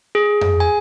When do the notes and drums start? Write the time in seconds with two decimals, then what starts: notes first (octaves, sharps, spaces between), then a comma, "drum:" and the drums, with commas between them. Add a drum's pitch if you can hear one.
0.15 G#4
0.41 drum: tom F2
0.60 G#5